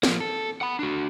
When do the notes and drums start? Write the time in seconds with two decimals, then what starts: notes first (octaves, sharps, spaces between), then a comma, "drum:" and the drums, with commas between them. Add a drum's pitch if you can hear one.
0.03 F3 A#3, drum: snare
0.20 A4
0.61 F#5 B5
0.79 D4 F#4